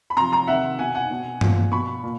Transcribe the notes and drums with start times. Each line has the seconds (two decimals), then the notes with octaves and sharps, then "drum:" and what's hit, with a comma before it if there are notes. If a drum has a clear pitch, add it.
0.10 B5
0.17 C3 F3 A#5 C6
0.32 A#5 C6
0.47 C3 D#3 E5 F#5
0.78 B2 F#5 G#5
0.94 F#5 G#5
1.10 B2
1.41 A#2 F3, drum: tom G2
1.72 B2 B5 C#6
2.03 A#2